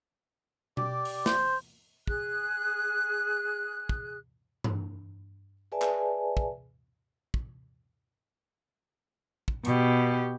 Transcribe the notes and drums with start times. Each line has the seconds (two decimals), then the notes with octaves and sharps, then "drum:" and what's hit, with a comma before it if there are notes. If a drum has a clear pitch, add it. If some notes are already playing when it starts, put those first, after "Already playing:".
0.77 G4 D5, drum: tom B2
1.05 drum: open hi-hat
1.26 C5, drum: snare
2.07 G#4 F#6, drum: kick
3.89 drum: kick
4.64 drum: tom G2
5.72 G#4 B4 D5 E5 G#5 A5
5.82 drum: clap
6.37 drum: kick
7.34 drum: kick
9.48 drum: kick
9.65 B2 G4, drum: hi-hat